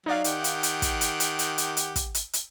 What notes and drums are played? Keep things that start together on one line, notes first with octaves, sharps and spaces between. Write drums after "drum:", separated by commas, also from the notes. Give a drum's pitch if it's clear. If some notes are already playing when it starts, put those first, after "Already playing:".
F#3 D#4 D5 F5
D#3 G4 F#5, drum: hi-hat
drum: hi-hat
drum: hi-hat
drum: kick, hi-hat
drum: hi-hat
drum: hi-hat
drum: hi-hat
drum: hi-hat
drum: hi-hat
drum: kick, hi-hat
drum: hi-hat
drum: hi-hat